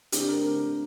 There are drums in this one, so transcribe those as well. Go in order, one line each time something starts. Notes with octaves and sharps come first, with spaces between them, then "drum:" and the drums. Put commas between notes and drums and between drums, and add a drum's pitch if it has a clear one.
D3 A3 C4 G4, drum: hi-hat
A#4